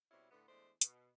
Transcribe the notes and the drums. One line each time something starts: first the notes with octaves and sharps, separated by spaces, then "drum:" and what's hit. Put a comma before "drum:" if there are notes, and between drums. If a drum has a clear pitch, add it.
B2 G3 C4 C#4 E4
A2 D3 A3 B3
E2 G#3 A3 D4 C5
B2, drum: hi-hat